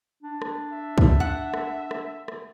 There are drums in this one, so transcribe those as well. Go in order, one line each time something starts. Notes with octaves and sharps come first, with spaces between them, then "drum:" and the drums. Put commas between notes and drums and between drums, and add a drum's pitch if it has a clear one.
D4
drum: rim click
E5
drum: kick
F#5
drum: rim click
drum: rim click
drum: rim click